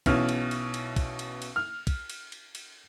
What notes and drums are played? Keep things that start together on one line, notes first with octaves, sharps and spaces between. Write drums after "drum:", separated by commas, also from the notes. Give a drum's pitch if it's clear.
B1 B2 E3 C#4 F6, drum: kick, cymbal
drum: cymbal
drum: cymbal
drum: cymbal
drum: kick, cymbal
drum: cymbal
drum: cymbal
F6
drum: kick, cymbal
drum: cymbal
drum: cymbal
drum: cymbal